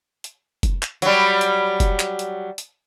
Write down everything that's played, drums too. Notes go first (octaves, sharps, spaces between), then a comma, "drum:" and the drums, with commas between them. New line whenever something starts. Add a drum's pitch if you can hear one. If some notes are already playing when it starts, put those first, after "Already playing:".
drum: hi-hat
drum: kick F1, hi-hat
drum: clap
F#3 G3, drum: hi-hat
drum: hi-hat
drum: kick F1, hi-hat
drum: clap
drum: hi-hat
drum: hi-hat